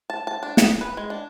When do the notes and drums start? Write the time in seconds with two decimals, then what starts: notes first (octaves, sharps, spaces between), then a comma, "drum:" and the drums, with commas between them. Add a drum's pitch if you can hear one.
0.10 A5
0.27 A5
0.43 D4
0.57 G#4, drum: snare
0.81 B4
0.97 G#3
1.10 D4